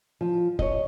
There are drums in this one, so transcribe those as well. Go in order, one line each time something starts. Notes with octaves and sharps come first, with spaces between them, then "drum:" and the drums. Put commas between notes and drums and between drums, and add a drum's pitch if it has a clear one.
F3
C#5 D#5, drum: kick F1